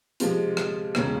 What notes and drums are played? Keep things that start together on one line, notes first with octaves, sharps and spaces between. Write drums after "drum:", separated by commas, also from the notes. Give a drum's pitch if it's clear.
C3 F3 G#3 C4 F4, drum: hi-hat
drum: rim click
E1 C#3, drum: rim click